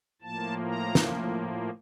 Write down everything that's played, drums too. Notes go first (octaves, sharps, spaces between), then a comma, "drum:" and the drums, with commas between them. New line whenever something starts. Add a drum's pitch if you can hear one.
A2 F3 A#3 A5
A#5
drum: snare